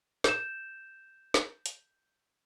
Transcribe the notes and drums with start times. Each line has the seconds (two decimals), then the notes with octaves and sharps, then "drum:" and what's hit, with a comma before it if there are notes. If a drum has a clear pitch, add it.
0.24 G6 E7, drum: snare
1.34 drum: snare
1.66 drum: hi-hat